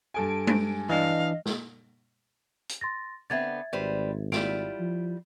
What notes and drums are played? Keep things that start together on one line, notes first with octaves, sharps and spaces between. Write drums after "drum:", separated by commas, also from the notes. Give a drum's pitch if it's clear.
G2 A4 G#5 D7
drum: tom G#3
E3 D4 D#5 F5
drum: snare
drum: hi-hat
C6 A6 A#6
D3 B3 C4 E5 G#6 A6
G#1 G3 B4 C5
G3 E4 F4 D7, drum: snare
F3